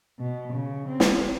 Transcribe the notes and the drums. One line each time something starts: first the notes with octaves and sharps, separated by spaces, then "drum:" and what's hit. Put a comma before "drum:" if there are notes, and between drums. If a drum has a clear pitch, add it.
B2
C#3
C4
drum: snare